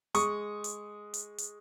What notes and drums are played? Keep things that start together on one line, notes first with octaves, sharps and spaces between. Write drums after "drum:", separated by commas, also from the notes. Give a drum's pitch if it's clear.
G#3 C#6 D#6, drum: hi-hat
drum: hi-hat
drum: hi-hat
drum: hi-hat